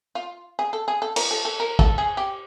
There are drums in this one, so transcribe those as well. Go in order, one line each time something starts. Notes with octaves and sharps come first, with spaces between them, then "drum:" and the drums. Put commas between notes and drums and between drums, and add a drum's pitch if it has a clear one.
F4
G#4
A4
G#4
A4
A#4, drum: cymbal
A4
A4
A#4
A4, drum: kick
G#4
G4